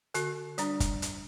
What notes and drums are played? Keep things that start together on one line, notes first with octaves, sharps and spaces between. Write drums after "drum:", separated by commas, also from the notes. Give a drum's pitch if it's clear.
D3 F#4, drum: hi-hat
G3 D4, drum: hi-hat
drum: kick, hi-hat
drum: hi-hat